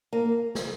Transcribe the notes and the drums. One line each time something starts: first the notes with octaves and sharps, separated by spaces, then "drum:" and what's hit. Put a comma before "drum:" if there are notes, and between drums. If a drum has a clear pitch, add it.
A#3
drum: snare